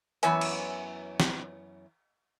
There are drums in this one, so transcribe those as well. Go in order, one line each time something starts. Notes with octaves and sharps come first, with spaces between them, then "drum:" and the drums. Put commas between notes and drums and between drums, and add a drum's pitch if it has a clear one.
F#2 E3 B3 C#5 E5 G#5, drum: hi-hat
drum: cymbal
drum: snare